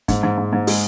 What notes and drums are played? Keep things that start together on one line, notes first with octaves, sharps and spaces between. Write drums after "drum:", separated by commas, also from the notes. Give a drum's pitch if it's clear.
G#2, drum: kick, hi-hat
G#2
G#2
G#2
G#3, drum: open hi-hat